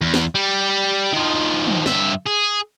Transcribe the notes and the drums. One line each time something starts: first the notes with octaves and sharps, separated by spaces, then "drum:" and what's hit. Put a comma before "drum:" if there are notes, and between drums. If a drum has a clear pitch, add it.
E2
drum: snare
G3
D#3 F3
drum: tom
G2 E5, drum: snare
G#4